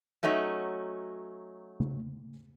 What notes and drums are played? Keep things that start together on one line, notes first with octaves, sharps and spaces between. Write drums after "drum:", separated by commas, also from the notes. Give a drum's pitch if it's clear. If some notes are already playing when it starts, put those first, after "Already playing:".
F#3 A3 C#4 D#4 F#4
drum: tom C#3